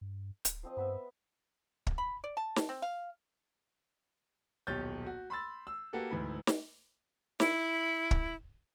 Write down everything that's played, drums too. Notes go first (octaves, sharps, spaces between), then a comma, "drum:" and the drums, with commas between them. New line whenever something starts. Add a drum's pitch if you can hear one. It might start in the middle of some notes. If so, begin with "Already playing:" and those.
G2
D1, drum: hi-hat
F3 C4 D#5
G2 B3 B4 E5
drum: kick
B5
D5
A5
drum: snare
C4
F5
D#1 B1 G4 C#5 G6 A6
F#4
B5 C6 E6 A6
E6
A#3 F#4 G4 A4 B4
D2 G#2 E3 B5
drum: snare
E4, drum: snare
drum: kick